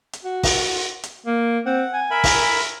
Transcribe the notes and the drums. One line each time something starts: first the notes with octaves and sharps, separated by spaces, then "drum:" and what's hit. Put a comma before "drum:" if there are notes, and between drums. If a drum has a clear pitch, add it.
drum: hi-hat
F#4
drum: kick, open hi-hat
drum: hi-hat
A#3
C4 F#5
G#5
A#4 E5 B5
drum: kick, open hi-hat